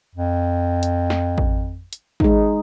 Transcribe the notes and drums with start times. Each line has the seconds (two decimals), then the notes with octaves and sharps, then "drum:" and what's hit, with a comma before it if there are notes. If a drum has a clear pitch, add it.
0.15 F2
0.83 drum: hi-hat
1.10 drum: snare
1.38 drum: kick
1.93 drum: hi-hat
2.20 G#3 D#4, drum: kick